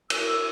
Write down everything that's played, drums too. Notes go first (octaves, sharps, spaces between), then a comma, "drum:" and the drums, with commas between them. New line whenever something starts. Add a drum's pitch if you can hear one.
E6, drum: cymbal